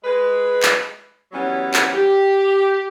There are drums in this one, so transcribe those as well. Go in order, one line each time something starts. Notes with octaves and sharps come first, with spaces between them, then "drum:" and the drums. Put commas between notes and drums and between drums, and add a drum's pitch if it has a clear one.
G#3 B4
drum: clap
E3 F#3 G3 B3 C#4
drum: clap
G4